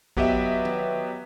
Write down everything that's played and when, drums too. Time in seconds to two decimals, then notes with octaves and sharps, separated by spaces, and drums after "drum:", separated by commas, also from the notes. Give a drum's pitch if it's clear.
0.17 F#3 B3 G4 B4 D#5 E5, drum: kick A1
0.65 drum: tom D#3